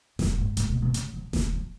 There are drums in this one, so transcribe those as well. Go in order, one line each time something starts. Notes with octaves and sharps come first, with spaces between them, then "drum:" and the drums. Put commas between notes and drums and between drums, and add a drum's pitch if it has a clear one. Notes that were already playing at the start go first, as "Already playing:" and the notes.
F#2, drum: snare E1
G#2
A2, drum: hi-hat
B2
B2
C#3, drum: hi-hat
F3
D3, drum: snare E1
F3